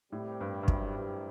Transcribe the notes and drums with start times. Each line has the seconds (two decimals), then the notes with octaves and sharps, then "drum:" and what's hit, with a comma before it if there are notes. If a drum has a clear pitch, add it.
0.12 A2 C3 G3 C4 G4 A#4
0.41 G2
0.63 G2
0.68 F#2, drum: kick
0.96 G2